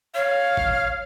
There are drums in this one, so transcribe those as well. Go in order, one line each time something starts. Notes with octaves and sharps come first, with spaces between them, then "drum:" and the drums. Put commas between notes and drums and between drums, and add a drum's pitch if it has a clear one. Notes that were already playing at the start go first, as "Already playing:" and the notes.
C#5 F5
drum: kick G1